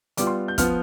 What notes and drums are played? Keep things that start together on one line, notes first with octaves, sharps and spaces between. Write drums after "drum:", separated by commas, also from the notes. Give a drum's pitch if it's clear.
G3 B3 F4 D6, drum: hi-hat
C6
G6
F3 B3 F4 F6, drum: kick, hi-hat